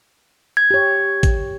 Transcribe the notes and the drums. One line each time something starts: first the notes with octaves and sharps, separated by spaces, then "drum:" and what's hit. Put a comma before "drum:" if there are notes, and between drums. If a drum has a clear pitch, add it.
G#6
G4 C#5
drum: kick, hi-hat